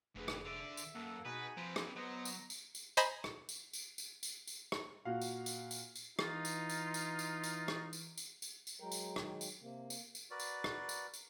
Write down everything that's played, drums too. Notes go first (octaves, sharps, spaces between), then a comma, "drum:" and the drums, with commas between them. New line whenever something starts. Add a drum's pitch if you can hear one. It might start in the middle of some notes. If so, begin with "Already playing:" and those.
F1 D2 G#4 B4
drum: rim click
D3 D5 E5
drum: tambourine
F#2 A#3 A4 F#5
B2 D#4 F#4 G#4 B4 F#5 G#5
F3 C4 B4 C5 A#5
drum: rim click
F#3 B3 C5 D#5 A#5
drum: tambourine
drum: tambourine
drum: tambourine
C5 D#5 G#5 A#5 B5, drum: tambourine
drum: rim click
drum: tambourine
drum: tambourine
drum: tambourine
drum: tambourine
drum: tambourine
drum: rim click
A#2 F#4 F5
drum: tambourine
drum: tambourine
drum: tambourine
drum: tambourine
E3 D#4 F4, drum: rim click
drum: tambourine
drum: tambourine
drum: tambourine
drum: tambourine
drum: tambourine
drum: rim click
drum: tambourine
drum: tambourine
drum: tambourine
drum: tambourine
F#3 G#3 A#4 G5
drum: tambourine
D#3, drum: rim click
drum: tambourine
C3 A#3
drum: tambourine
drum: tambourine
F#4 A#4 B4 D5
drum: tambourine
drum: rim click
drum: tambourine
drum: tambourine